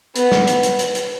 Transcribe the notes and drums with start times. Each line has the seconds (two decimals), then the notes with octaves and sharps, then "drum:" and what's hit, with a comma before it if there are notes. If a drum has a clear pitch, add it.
0.16 B3, drum: hi-hat
0.32 drum: snare
0.47 drum: hi-hat
0.63 drum: hi-hat
0.79 drum: hi-hat
0.95 drum: hi-hat